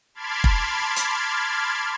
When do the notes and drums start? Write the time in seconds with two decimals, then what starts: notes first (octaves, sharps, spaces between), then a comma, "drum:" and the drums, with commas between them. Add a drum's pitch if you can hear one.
0.14 A5 B5 C6 D6 F6 G#6
0.44 drum: kick
0.96 drum: hi-hat